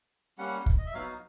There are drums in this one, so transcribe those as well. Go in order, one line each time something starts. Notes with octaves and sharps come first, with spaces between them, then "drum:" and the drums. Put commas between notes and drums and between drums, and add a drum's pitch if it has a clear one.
G3 A#3 C#4 F#5
drum: kick
D#5
E5
F#3 B3 D#4 F#4 F5